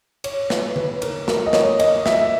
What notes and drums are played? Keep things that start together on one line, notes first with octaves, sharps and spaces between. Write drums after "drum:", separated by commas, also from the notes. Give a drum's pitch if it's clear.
C#5, drum: cymbal
B4, drum: snare
B4, drum: tom D3
A#4, drum: cymbal
A#4, drum: snare
D#5
C#5, drum: snare
D#5, drum: cymbal
E5, drum: snare